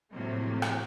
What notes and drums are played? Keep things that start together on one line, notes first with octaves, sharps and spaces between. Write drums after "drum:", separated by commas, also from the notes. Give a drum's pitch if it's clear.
A2 C3 F3 F#3 A#3
drum: rim click